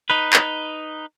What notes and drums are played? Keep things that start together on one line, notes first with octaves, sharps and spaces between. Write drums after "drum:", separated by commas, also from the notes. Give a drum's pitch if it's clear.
D#4 B4
drum: clap